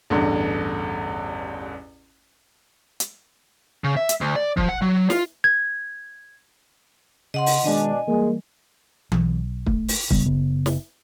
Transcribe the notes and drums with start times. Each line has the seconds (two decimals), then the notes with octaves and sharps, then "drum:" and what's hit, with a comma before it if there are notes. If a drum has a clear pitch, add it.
0.10 A1 E2 G2 D3
3.00 drum: hi-hat
3.84 C#3
3.97 E5
4.09 drum: hi-hat
4.21 D2
4.36 D5
4.57 F3, drum: kick
4.69 F#5
4.82 F#3
5.10 F4, drum: snare
5.44 G#6
7.34 C#3 D#5 F#5 C6
7.46 drum: open hi-hat
7.64 B2 D#3 G#3 D4 D#5 G#5
8.07 E3 G3 G#3 A#3
9.12 B1, drum: tom E3
9.66 A3, drum: kick
9.88 drum: open hi-hat
10.10 C#3 G3 B3, drum: kick
10.24 F#1 C#3 B3
10.66 drum: snare